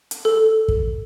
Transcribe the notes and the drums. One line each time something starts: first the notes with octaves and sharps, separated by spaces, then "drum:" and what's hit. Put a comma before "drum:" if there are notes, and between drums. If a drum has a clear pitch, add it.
drum: hi-hat
A4
drum: kick